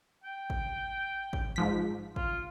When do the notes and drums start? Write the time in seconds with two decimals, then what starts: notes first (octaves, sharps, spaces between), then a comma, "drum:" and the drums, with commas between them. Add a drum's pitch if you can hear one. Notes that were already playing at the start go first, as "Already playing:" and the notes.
0.24 G5
0.50 drum: kick G#1
1.33 drum: kick G#1
1.56 G#2 F3 B6
2.16 F4, drum: kick G#1